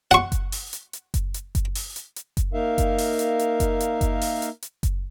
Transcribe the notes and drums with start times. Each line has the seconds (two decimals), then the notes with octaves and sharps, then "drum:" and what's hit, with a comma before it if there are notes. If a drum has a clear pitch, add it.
0.11 F#5 C#6, drum: hi-hat
0.32 drum: kick F#1, hi-hat
0.52 drum: open hi-hat
0.73 drum: hi-hat
0.93 drum: hi-hat
1.14 drum: kick F#1, hi-hat
1.34 drum: hi-hat
1.55 drum: kick F#1, hi-hat
1.75 drum: open hi-hat
1.96 drum: hi-hat
2.16 drum: hi-hat
2.37 drum: kick F#1, hi-hat
2.53 A#3 D#4 A#4 E5 F5
2.78 drum: kick F#1, hi-hat
2.98 drum: open hi-hat
3.19 drum: hi-hat
3.39 drum: hi-hat
3.60 drum: kick F#1, hi-hat
3.80 drum: hi-hat
4.01 drum: kick F#1, hi-hat
4.21 drum: open hi-hat
4.42 drum: hi-hat
4.62 drum: hi-hat
4.83 drum: kick F#1, hi-hat